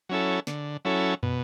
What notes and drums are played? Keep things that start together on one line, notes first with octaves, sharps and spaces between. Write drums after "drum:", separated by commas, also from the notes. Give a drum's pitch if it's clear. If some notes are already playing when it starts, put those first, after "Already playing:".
F#3 C#4 E4 A4
D3, drum: snare
F#3 C#4 E4 A4
B2, drum: tom